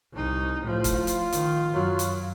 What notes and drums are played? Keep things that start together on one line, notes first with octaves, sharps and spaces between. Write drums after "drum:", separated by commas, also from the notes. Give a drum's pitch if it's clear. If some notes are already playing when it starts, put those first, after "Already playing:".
C2 D#4
A2 F3
drum: kick, hi-hat
F4
drum: hi-hat
D#3, drum: hi-hat
F#2 F#3
drum: hi-hat